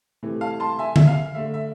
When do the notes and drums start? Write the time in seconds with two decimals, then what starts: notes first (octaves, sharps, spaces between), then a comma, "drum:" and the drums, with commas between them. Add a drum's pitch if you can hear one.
0.23 C3 E3 A3
0.41 F5 A5
0.60 A5 C6
0.79 E5 G#5
0.96 E5, drum: tom D3
1.07 F5
1.35 D3 A3 E5
1.54 E5